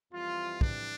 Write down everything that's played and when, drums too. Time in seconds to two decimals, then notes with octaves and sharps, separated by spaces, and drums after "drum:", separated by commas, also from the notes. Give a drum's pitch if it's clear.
0.11 F2 E3 G3 F4
0.61 D4, drum: kick